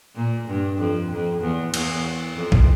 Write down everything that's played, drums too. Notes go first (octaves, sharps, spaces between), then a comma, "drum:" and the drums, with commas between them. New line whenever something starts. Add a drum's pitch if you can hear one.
A#2
G2
F2
F2
E2
E2, drum: cymbal
F2
drum: kick B1